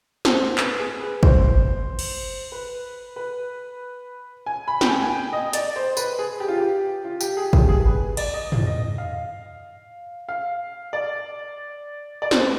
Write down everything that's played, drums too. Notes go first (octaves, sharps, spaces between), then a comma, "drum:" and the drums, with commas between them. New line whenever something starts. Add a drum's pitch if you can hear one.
C5, drum: snare
B4, drum: clap
G#4
B4
C5, drum: kick
drum: cymbal
B4
B4
G#5
B5
G5, drum: snare
G#5
G#5
G5
D#5
D5, drum: hi-hat
C5
B4, drum: tambourine
G#4
G4
F4
G4
F4
G4, drum: tambourine
G#4
G4, drum: kick
G#4
B4
D5, drum: cymbal
D#5
drum: tom
D#5
F5
F5
D5
D5
C5, drum: snare
B4